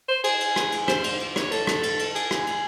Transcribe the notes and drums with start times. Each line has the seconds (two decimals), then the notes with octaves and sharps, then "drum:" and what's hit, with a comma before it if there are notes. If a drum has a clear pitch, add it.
0.09 C5
0.24 G#4, drum: cymbal
0.40 drum: cymbal
0.56 drum: rim click
0.72 drum: cymbal
0.88 C5, drum: rim click
1.04 drum: cymbal
1.20 drum: cymbal
1.36 C#5, drum: rim click
1.51 A4, drum: cymbal
1.67 drum: rim click
1.83 drum: cymbal
1.99 drum: cymbal
2.15 G#4, drum: cymbal
2.31 drum: rim click
2.47 drum: cymbal